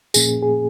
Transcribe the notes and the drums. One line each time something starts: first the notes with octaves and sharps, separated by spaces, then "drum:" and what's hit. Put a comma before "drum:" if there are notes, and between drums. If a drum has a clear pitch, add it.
A#2 F3 A#3 C#4 G#4, drum: tambourine
G#4